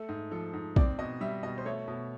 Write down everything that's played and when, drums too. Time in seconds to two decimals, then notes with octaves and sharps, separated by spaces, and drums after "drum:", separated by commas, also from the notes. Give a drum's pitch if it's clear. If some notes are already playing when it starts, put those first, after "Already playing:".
Already playing: A3 A4
0.09 G#2
0.31 F3 A4
0.53 G#2
0.76 C4 D5, drum: kick A#1
0.98 B2 D#5
1.21 G3 E5
1.43 B2 D#5
1.58 C5
1.65 A3 C#5
1.88 B2